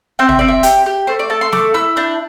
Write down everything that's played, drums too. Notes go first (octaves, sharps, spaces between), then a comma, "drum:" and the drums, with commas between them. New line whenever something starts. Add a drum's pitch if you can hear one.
C4 G5
E5, drum: tom
C4 D5
E5
G4, drum: hi-hat
G4
A3 C5
D5
A4 A5
C6
A3 D6, drum: snare
E4 E6
D4 G6